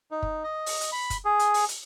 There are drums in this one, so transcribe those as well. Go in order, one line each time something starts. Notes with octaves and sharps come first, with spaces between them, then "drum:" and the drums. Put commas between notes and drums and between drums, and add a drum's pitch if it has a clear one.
D#4
drum: kick
D#5
drum: open hi-hat
drum: hi-hat
B5
drum: kick, hi-hat
G#4
drum: hi-hat
drum: open hi-hat
drum: hi-hat